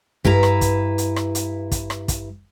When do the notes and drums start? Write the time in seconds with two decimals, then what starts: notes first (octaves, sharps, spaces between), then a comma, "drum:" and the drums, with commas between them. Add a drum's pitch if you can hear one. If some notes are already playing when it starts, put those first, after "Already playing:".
0.24 G2 E4 B4 A#5, drum: kick
0.43 drum: rim click
0.61 drum: kick, hi-hat
0.98 drum: hi-hat
1.16 drum: rim click
1.35 drum: hi-hat
1.72 drum: kick, hi-hat
1.90 drum: rim click
2.08 drum: kick, hi-hat